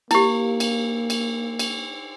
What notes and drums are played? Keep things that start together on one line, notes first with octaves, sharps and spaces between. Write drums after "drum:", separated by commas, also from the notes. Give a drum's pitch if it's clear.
A#3 E4 G4, drum: cymbal
drum: cymbal
drum: cymbal
drum: cymbal